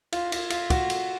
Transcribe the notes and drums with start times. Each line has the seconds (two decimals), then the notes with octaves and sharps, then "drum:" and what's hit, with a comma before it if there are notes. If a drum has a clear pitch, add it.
0.12 F4, drum: cymbal
0.32 F4, drum: cymbal
0.50 F4, drum: cymbal
0.70 F#4, drum: kick, cymbal
0.90 drum: cymbal